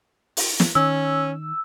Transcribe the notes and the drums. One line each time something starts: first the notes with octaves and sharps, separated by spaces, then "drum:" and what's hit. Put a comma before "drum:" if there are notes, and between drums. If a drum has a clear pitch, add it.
drum: open hi-hat
drum: snare
D#3 C#4 E6